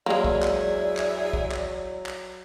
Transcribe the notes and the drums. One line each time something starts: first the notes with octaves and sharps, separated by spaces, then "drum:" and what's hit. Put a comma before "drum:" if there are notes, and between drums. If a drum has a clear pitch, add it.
E2 F#3 G#3 A#3 E4 G#4 D5
drum: kick
drum: clap
drum: clap
drum: kick
drum: clap
drum: clap